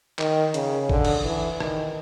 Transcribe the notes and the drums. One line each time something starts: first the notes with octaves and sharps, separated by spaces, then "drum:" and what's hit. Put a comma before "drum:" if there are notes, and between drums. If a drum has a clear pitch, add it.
D#3, drum: clap
C#3, drum: hi-hat
D3, drum: kick
drum: cymbal
E3
D#3, drum: rim click